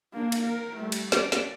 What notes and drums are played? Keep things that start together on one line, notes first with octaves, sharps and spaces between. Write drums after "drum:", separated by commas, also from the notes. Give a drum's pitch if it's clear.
A#3 D4
drum: cymbal
A#4
G3 A3
drum: cymbal
D5, drum: snare
drum: snare